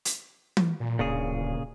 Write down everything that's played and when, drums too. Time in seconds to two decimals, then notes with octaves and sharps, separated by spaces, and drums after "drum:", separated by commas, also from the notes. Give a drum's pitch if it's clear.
0.05 drum: hi-hat
0.57 drum: tom E3
0.80 A#2
0.99 D1 A#2 C#3 G#4